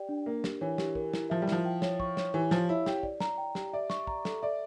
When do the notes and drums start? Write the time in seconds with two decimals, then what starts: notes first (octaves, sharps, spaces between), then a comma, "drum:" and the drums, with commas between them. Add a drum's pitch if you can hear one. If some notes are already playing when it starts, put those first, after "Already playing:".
Already playing: G4 D5 G5
0.09 D4
0.26 A#3 A#4
0.44 G4, drum: snare
0.61 E3 C#5
0.78 G4, drum: snare
0.95 A#4, drum: kick
1.13 E4, drum: snare
1.30 F3 E5
1.42 G3
1.48 F3 E4, drum: snare
1.65 G5
1.82 C#5, drum: snare
2.00 C#6, drum: kick
2.17 C#5, drum: snare
2.34 E3 G4
2.51 F3 F5, drum: snare
2.69 E4 C#5
2.86 E4 G4, drum: snare
3.03 D5, drum: kick
3.20 A#5, drum: snare
3.38 G5
3.55 G4, drum: snare
3.73 D5 E5
3.90 C#6, drum: snare
4.07 A#5, drum: kick
4.25 A4, drum: snare
4.42 D5 E5